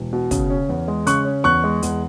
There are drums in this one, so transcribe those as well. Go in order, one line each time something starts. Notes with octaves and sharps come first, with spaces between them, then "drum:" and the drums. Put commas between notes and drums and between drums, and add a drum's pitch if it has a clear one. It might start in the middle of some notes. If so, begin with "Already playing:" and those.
Already playing: E1
B2
C#3, drum: kick, hi-hat
C#4
E2
G#3
C#3 C#6 F#6, drum: hi-hat
C#4
E2 C#6 F#6
G#3
E2, drum: hi-hat